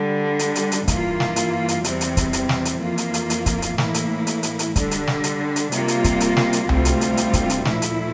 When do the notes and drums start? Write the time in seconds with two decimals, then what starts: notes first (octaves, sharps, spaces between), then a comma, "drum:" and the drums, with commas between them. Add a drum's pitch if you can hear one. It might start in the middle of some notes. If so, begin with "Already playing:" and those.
Already playing: D3 G3 D4
0.39 drum: hi-hat
0.55 drum: hi-hat
0.72 drum: hi-hat
0.88 G2 E3 A#3 F4, drum: kick, hi-hat
1.20 drum: snare
1.36 drum: hi-hat
1.68 drum: hi-hat
1.84 E2 C3 G3 C4, drum: hi-hat
2.01 drum: hi-hat
2.17 drum: kick, hi-hat
2.33 drum: hi-hat
2.49 drum: snare
2.65 drum: hi-hat
2.81 F2 E3 A#3 F4
2.98 drum: hi-hat
3.14 drum: hi-hat
3.30 drum: hi-hat
3.46 drum: kick, hi-hat
3.62 drum: hi-hat
3.78 A2 E3 A#3 E4, drum: snare
3.94 drum: hi-hat
4.27 drum: hi-hat
4.43 drum: hi-hat
4.59 drum: hi-hat
4.76 D3 G3 D4, drum: kick, hi-hat
4.91 drum: hi-hat
5.07 drum: snare
5.24 drum: hi-hat
5.56 drum: hi-hat
5.72 C3 G3 A#3 F4, drum: hi-hat
5.88 drum: hi-hat
6.04 drum: kick, hi-hat
6.20 drum: hi-hat
6.37 drum: snare
6.53 drum: hi-hat
6.69 D2 C3 G3 C4 F4, drum: tom C2
6.85 drum: hi-hat
7.01 drum: hi-hat
7.17 drum: hi-hat
7.33 drum: kick, hi-hat
7.50 drum: hi-hat
7.65 A#2 F3 A3 E4, drum: snare
7.82 drum: hi-hat